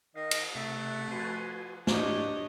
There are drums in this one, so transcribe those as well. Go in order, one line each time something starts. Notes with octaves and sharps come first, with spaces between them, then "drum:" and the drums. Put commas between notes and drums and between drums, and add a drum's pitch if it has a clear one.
D#3 D#5 F5
drum: cymbal
C3 A3 E5 F#5
F3 F#4 B4 G#5 C6
G#2 E3 D4 G4 C#5 D#5, drum: snare